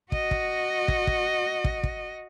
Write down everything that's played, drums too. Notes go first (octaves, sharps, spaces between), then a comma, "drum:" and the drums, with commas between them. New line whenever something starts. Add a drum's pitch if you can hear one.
F#4 D#5, drum: kick
drum: kick
drum: kick
drum: kick
drum: kick
drum: kick